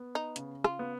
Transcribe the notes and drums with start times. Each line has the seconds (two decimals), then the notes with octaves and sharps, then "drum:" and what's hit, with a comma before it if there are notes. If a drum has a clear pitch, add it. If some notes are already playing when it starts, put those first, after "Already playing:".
Already playing: B3
0.15 D#4
0.36 C#3, drum: hi-hat
0.64 F4, drum: rim click
0.79 B3